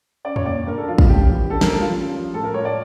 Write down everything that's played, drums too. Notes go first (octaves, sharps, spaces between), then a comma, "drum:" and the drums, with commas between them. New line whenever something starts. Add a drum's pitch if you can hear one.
C#4 D5
C#5, drum: tom E2
A#2 D5
D3 A#4
A4
F3 F4
F4, drum: kick
C#4 G4
E3
D3 A4
A#4, drum: snare
G3 A4
F4
C#4
F3
A2 A4
A#4
A2 C#5
D5